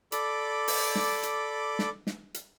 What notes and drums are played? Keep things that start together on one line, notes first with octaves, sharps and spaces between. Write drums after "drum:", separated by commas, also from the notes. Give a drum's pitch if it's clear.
A4 D5 B5 D6, drum: hi-hat
drum: open hi-hat
drum: snare
drum: hi-hat
drum: snare
drum: snare
drum: hi-hat